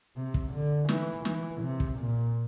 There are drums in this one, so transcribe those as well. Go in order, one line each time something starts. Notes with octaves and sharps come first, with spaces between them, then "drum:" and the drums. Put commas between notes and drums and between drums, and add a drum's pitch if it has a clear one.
C3
drum: kick
D3
E3, drum: snare
E3, drum: snare
C3
drum: kick
A#2